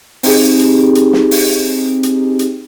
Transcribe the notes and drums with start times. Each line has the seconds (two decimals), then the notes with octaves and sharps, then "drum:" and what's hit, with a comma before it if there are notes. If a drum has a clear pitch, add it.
0.23 C4 D#4 G4 G#4, drum: open hi-hat
0.59 drum: hi-hat
0.95 drum: hi-hat
1.13 drum: snare
1.31 drum: open hi-hat
2.03 drum: hi-hat
2.39 drum: hi-hat